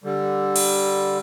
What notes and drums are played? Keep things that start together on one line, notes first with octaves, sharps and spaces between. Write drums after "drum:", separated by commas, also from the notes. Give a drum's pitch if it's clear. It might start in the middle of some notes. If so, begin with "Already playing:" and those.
D3 G3
drum: cymbal